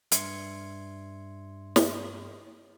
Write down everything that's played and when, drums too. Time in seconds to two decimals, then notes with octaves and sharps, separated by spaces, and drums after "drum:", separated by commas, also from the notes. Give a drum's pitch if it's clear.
0.12 G2 E5 C6 G#6 C#7, drum: hi-hat
1.76 drum: snare